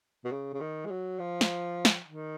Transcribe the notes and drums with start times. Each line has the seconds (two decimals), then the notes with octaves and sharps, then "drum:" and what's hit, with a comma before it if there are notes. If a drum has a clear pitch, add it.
0.24 B2
0.31 C#3
0.53 C#3
0.60 D#3
0.85 G#3
0.90 F#3
1.19 F3
1.41 drum: snare
1.85 drum: snare
2.07 D#3